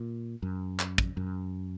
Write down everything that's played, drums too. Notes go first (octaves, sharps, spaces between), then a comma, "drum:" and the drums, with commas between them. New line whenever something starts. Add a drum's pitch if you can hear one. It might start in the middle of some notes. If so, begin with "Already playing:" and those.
Already playing: A#2
F#2
drum: clap
drum: kick
F#2